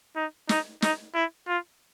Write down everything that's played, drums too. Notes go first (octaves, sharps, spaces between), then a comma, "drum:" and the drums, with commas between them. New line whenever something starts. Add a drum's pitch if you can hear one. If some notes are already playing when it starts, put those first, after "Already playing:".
D#4
D#4, drum: snare
D#4, drum: snare
E4
F4